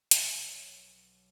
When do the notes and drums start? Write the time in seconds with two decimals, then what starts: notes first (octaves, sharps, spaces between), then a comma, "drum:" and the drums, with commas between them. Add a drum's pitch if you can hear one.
0.11 B1 F#3, drum: hi-hat